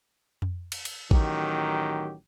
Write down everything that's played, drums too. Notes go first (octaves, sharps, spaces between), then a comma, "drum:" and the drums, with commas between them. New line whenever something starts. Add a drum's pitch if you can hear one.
drum: tom F2
drum: cymbal
drum: cymbal
A1 D#3 F#3 G4, drum: kick